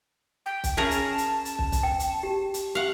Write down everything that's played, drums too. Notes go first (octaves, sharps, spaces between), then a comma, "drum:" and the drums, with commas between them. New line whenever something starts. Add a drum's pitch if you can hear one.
G5
drum: kick, hi-hat
C#4 G#4 A#4 A5
drum: hi-hat
drum: hi-hat
drum: hi-hat
drum: kick
drum: kick, hi-hat
G5
drum: hi-hat
G4
drum: hi-hat
G4 F5 F#5